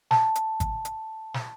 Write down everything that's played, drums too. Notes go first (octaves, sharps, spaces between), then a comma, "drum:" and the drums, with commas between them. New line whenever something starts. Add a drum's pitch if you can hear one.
A5, drum: snare
drum: hi-hat
drum: kick, hi-hat
drum: hi-hat
drum: snare